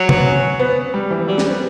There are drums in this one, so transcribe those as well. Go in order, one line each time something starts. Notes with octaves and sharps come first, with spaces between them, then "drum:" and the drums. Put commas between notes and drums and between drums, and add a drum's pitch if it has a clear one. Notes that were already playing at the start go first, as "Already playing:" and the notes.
Already playing: F#3
B3, drum: tom C3
C#4
B3
G3
E3
F#3 G3
G3, drum: snare
B3